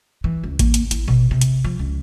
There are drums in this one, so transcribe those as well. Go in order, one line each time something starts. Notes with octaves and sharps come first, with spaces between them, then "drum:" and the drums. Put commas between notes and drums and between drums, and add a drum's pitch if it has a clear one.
E3
C#2
A#3, drum: kick A1, hi-hat
drum: hi-hat
E4, drum: hi-hat
B2
C3
drum: hi-hat
F3
C#2